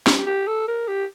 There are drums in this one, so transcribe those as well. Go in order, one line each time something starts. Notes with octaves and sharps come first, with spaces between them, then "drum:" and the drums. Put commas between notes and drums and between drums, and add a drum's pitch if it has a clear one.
G4, drum: snare
G4
A4
A#4
G4